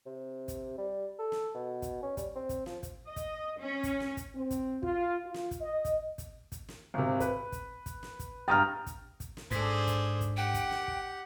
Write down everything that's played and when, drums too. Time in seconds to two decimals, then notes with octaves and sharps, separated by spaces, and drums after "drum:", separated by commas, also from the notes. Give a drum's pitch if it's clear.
0.06 C3
0.48 drum: kick, hi-hat
0.78 G3
1.19 A4
1.32 drum: snare
1.55 B2
1.82 drum: kick, hi-hat
2.03 C#4
2.17 G3, drum: kick, hi-hat
2.36 C4
2.49 drum: kick, hi-hat
2.66 F3, drum: snare
2.83 drum: kick, hi-hat
3.07 D#5
3.16 drum: kick, hi-hat
3.58 C#4
3.83 drum: kick, hi-hat
4.00 drum: snare
4.17 drum: kick, hi-hat
4.35 C4
4.50 drum: kick, hi-hat
4.83 F4, drum: kick
5.25 F4
5.34 drum: snare
5.51 drum: kick, hi-hat
5.61 D#5
5.85 drum: kick, hi-hat
6.18 drum: kick, hi-hat
6.52 drum: kick, hi-hat
6.68 drum: snare
6.94 G#1 C3
7.20 B4, drum: kick, hi-hat
7.52 drum: kick, hi-hat
7.86 drum: kick, hi-hat
8.03 drum: snare
8.19 drum: kick, hi-hat
8.48 G2 G5 A#5 D#6 F6 A6
8.86 drum: kick, hi-hat
9.20 drum: kick, hi-hat
9.37 drum: snare
9.51 G#2 D4 G#4 A4 C5, drum: kick, hi-hat
9.87 drum: kick, hi-hat
10.21 drum: kick, hi-hat
10.37 G4 F#5 G5
10.54 drum: kick, hi-hat
10.71 drum: snare
10.88 drum: kick